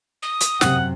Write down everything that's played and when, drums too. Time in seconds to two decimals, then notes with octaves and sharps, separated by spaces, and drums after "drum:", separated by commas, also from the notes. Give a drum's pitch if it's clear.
0.23 D#6
0.41 drum: hi-hat
0.61 F#2 C3 F#5, drum: snare